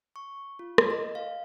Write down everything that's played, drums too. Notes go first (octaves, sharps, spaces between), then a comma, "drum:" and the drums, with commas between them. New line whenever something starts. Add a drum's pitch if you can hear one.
C#6
F4
drum: rim click
D#5
F5